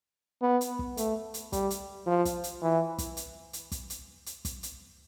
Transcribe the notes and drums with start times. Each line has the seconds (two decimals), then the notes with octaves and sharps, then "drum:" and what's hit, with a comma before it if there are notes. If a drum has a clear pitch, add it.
0.42 B3
0.61 drum: hi-hat
0.79 drum: kick
0.97 A3, drum: hi-hat
1.34 drum: hi-hat
1.53 G3, drum: kick, hi-hat
1.70 drum: hi-hat
2.07 F3
2.25 drum: kick, hi-hat
2.44 drum: hi-hat
2.62 E3
2.98 drum: kick, hi-hat
3.17 drum: hi-hat
3.53 drum: hi-hat
3.72 drum: kick, hi-hat
3.90 drum: hi-hat
4.26 drum: hi-hat
4.45 drum: kick, hi-hat
4.63 drum: hi-hat